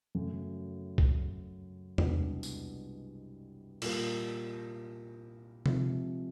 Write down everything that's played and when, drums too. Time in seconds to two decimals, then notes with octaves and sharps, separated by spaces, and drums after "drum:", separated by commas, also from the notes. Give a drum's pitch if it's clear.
0.15 F#2 C#3 F#3 A3 C#4
0.98 drum: kick C2
1.98 C2 B2 G#3 B3 D4, drum: tom E2
2.43 drum: tambourine
3.82 A#2 G3 A#3, drum: cymbal
5.66 C3 F3 G#3 C4, drum: tom C3